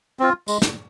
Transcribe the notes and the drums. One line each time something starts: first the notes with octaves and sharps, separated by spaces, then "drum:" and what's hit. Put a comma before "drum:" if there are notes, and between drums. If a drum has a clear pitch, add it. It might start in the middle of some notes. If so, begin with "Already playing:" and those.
C4 F4
G#3, drum: tambourine
drum: snare